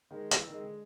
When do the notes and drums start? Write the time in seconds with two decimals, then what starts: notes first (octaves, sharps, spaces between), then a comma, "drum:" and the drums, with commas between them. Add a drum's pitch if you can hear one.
0.11 D#3 G#3
0.31 E3 C4, drum: hi-hat
0.48 D#3 G#3
0.63 D3